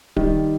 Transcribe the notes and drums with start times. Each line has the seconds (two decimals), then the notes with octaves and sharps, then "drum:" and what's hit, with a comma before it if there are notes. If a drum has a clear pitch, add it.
0.16 D#3 G3, drum: kick D1